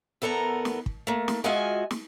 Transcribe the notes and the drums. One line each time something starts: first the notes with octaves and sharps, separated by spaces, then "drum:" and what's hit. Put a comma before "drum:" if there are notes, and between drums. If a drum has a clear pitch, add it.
E2 B3 A4 A#4 A#5
drum: snare
drum: kick
A3 A#3
drum: snare
G#3 F4 F#4 D#5 E5 G#5
drum: snare